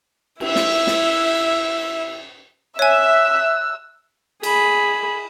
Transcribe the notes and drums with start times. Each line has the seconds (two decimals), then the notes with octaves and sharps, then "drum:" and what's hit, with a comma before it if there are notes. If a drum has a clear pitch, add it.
0.40 E4 E5, drum: cymbal
0.56 drum: snare
0.87 drum: snare
2.79 C#5 E5 G#5 E6 F#6
4.43 G#4 B5, drum: cymbal